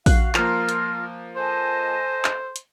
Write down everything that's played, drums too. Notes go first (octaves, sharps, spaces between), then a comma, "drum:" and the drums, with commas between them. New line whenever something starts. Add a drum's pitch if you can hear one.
F#4 F5 F#6, drum: kick A#1, open hi-hat
F3 A#3 F4 A#4 F6, drum: clap
drum: hi-hat
A4 C5 D#5 G#5 A5
drum: clap
drum: hi-hat